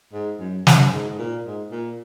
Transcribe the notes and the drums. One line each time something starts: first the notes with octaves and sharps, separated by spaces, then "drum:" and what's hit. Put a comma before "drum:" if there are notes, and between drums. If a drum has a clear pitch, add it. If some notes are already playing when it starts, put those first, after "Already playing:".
G#2
F#2
F#2, drum: snare
G#2
G#2
A#2
G#2
A#2